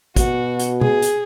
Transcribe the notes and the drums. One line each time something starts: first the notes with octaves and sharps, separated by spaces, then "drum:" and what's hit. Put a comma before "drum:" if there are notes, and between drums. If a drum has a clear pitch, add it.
B2 F#4, drum: kick, hi-hat
drum: hi-hat
G#4, drum: tom B2
drum: hi-hat